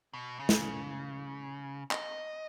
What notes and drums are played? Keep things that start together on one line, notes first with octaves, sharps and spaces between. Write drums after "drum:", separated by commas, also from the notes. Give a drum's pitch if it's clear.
B2
C#3
drum: snare
D#5, drum: clap